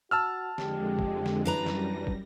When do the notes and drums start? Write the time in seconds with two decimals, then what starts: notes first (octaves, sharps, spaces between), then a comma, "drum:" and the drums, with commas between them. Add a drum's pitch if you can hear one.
0.11 F#4 A5 E6 F6
0.58 F2 D3 G#3 G4, drum: snare
0.99 drum: kick
1.26 drum: snare
1.45 F#2 E3 G3 D4 B4 A#5 A#6
1.66 drum: snare
2.07 drum: kick